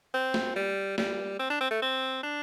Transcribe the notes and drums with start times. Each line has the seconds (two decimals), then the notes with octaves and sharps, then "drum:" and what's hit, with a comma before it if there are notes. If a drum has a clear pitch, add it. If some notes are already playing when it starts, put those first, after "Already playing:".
0.14 C4
0.34 drum: snare
0.56 G3
0.98 G3, drum: snare
1.39 C4
1.50 D4
1.61 C4
1.70 A3
1.82 C4
2.23 D4